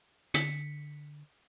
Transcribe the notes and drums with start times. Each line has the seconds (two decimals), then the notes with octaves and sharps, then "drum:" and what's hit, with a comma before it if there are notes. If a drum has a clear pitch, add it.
0.34 D3 B6 C#7, drum: hi-hat